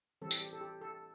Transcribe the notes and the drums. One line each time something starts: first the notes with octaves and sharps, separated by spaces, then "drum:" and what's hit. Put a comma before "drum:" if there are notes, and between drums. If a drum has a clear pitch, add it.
E3 G3 C4 A4
drum: tambourine
G4
A4
G4
A4